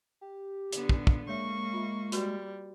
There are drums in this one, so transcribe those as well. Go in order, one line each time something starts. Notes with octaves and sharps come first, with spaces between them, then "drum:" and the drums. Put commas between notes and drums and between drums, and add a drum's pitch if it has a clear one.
G4
D3 B3, drum: hi-hat
drum: kick
drum: kick
G#3 A#3 C#5 E5 C#6
F4 E5
G3 F#4 B4, drum: hi-hat